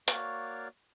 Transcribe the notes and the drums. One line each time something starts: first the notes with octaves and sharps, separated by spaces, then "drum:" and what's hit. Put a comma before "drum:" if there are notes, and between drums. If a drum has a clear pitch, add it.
A#3 F#4 C#5 D5 F5, drum: hi-hat